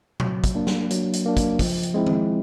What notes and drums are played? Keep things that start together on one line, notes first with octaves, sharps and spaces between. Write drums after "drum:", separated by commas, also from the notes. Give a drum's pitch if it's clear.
F#3, drum: tom A#2
drum: kick, hi-hat
A#3 D4
drum: snare
F#3, drum: hi-hat
drum: hi-hat
A#3 D4
drum: kick, hi-hat
F3, drum: kick, open hi-hat
drum: hi-hat
G#3 C4 E4
drum: tom D#3